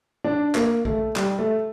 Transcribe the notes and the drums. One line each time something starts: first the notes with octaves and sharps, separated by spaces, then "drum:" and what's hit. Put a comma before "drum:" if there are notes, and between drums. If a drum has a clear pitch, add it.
D4
A#3, drum: clap
A3, drum: kick
G3, drum: clap
A3